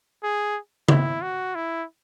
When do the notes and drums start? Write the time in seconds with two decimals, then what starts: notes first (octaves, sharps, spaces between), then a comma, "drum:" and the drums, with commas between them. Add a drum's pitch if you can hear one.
0.23 G#4
0.88 E4, drum: tom C#3
1.22 F#4
1.55 E4